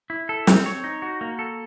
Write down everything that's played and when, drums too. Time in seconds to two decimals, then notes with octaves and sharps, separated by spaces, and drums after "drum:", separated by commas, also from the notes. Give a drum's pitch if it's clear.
0.10 E4
0.29 A4
0.47 C4, drum: snare
0.66 C#5
0.84 D#4
1.02 F#4
1.21 A#3
1.39 A4